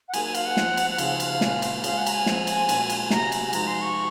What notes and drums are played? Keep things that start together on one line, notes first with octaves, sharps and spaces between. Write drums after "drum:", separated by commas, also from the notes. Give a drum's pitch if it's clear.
F#5
F#3 A#3 D#4 G#4 G#5, drum: cymbal
G#5
F5, drum: cymbal
F#5
F3 C4 F4, drum: snare
drum: cymbal
F#5
C#3 F3 C4 D#4 G#4 F5, drum: cymbal
drum: cymbal
A#2 G#3 C#4, drum: snare
drum: cymbal
G#3 C#4 F4 G#4 F5, drum: cymbal
F#5
A#5, drum: cymbal
G#5
F3 G#3 C4, drum: snare
drum: cymbal
A#2 G#3 C#4 F#4, drum: cymbal
drum: cymbal
C3 F#3 C#4 G#4 A#5, drum: snare
drum: cymbal
G#5
F3 G#3 D#4 F#4 A#5, drum: cymbal
C6
C#6